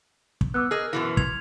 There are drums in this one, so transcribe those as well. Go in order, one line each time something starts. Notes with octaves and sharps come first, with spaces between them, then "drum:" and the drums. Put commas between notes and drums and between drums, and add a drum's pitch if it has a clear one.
drum: kick
B3 D6 E6 F#6
G#4 A#4 D#5 F6
F#2 B2 E3
C6 G#6 F7, drum: kick